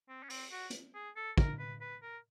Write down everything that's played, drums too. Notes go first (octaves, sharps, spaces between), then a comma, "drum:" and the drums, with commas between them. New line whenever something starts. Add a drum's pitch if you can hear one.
C4
C#4
C4, drum: open hi-hat
F#4
drum: hi-hat
G#4
A4
A#4, drum: kick
B4
B4
A#4